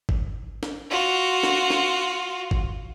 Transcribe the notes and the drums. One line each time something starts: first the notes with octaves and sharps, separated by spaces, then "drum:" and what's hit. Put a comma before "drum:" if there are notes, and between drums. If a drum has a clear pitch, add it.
drum: kick G#1
drum: snare
F4 F#4
drum: snare
drum: snare
drum: kick G#1